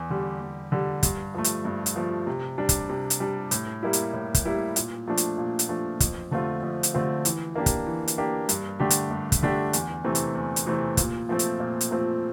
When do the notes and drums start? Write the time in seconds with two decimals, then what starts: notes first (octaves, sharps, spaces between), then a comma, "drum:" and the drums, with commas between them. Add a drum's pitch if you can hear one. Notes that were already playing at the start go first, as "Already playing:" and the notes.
Already playing: E2
0.10 D3 G3
0.41 E2
0.72 D3 G3
1.03 G2, drum: kick, hi-hat
1.34 F3 A3
1.44 drum: hi-hat
1.65 G2
1.86 drum: hi-hat
1.96 F3 A3
2.27 C3
2.58 G3 D4
2.69 drum: kick, hi-hat
2.89 C3
3.10 drum: hi-hat
3.20 G3 D4
3.51 A2, drum: hi-hat
3.83 G3 A#3 E4
3.93 drum: hi-hat
4.14 A2
4.35 drum: kick, hi-hat
4.45 G3 A#3 E4
4.76 A#2, drum: hi-hat
5.08 F3 A3 D4
5.17 drum: hi-hat
5.38 A#2
5.59 drum: hi-hat
5.69 F3 A3 D4
6.00 F2, drum: kick, hi-hat
6.31 D3 A3 C4 F4
6.63 F2
6.83 drum: hi-hat
6.94 D3 A3 C4 F4
7.25 E3, drum: hi-hat
7.55 A#3 D4 G4
7.66 drum: kick, hi-hat
7.87 E3
8.08 drum: hi-hat
8.18 A#3 D4 G4
8.49 G2, drum: hi-hat
8.80 D3 A3 D4 G4
8.90 drum: hi-hat
9.11 G2
9.32 drum: kick, hi-hat
9.43 D3 A3 D4 G4
9.73 E2, drum: hi-hat
10.04 C3 E3 A3 C4
10.15 drum: hi-hat
10.35 E2
10.56 drum: hi-hat
10.66 C3 E3 A3 C4
10.97 A#2, drum: kick, hi-hat
11.29 F3 A3 C4
11.39 drum: hi-hat
11.60 A#2
11.81 drum: hi-hat
11.91 F3 A3 C4